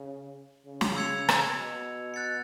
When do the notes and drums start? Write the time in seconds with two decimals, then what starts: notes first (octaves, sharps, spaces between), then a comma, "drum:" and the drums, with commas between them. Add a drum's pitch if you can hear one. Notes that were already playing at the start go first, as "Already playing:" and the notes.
Already playing: C#3
0.67 C#3
0.81 drum: snare
0.96 E6 G#6 C#7 F7
1.29 drum: rim click
1.55 B2
2.14 F#6 A6 C#7